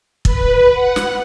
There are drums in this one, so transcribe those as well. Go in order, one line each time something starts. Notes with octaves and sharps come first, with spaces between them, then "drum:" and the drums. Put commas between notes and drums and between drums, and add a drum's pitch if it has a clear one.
B4, drum: kick
F#5
drum: snare